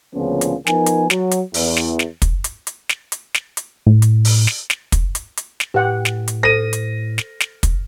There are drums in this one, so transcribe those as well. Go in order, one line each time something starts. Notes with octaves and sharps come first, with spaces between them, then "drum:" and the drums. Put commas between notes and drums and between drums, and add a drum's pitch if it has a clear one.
D2 A#2 C#3 F3 B3 C#4
drum: hi-hat
F3 B3 D#4 A#4 G#5, drum: snare
drum: hi-hat
F#3, drum: snare
drum: hi-hat
E2, drum: open hi-hat
drum: snare
drum: snare
drum: kick, hi-hat
drum: hi-hat
drum: hi-hat
drum: snare
drum: hi-hat
drum: snare
drum: hi-hat
A2
drum: hi-hat
drum: open hi-hat
drum: snare
drum: snare
drum: kick, hi-hat
drum: hi-hat
drum: hi-hat
drum: snare
A2 G4 B4 F#5 G5
drum: snare
drum: hi-hat
A4 C5 A#6 D#7
drum: hi-hat
drum: snare
drum: snare
drum: kick, hi-hat